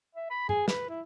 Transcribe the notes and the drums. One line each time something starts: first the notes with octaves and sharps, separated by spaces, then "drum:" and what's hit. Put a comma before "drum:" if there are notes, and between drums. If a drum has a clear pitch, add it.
E5
B5
G#4, drum: tom G2
B4, drum: snare
E4